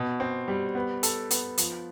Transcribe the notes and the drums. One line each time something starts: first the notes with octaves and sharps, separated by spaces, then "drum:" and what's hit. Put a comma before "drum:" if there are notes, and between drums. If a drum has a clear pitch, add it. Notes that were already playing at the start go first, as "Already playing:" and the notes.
Already playing: B2
C4
G3
B3
A4, drum: hi-hat
B3, drum: hi-hat
F3, drum: hi-hat